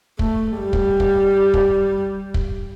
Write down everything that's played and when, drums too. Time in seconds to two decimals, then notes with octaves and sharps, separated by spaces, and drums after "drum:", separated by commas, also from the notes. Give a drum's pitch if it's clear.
0.19 A3, drum: kick
0.59 G3
0.73 drum: kick
1.00 drum: kick
1.54 drum: kick
2.34 drum: kick